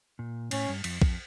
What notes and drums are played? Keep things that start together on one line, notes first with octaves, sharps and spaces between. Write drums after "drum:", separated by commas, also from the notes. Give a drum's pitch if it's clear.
A#2
A2 C#4, drum: cymbal
G2
F2, drum: cymbal
F2, drum: kick